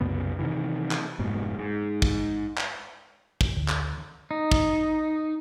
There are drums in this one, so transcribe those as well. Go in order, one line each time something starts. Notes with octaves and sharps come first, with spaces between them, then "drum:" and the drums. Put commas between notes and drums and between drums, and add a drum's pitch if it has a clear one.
C2 F#2 C#3 B3
C3 D#3 E3
drum: clap
F1 G#2 B2
G#2
drum: kick
drum: clap
drum: kick
D2
drum: clap
D#4
drum: kick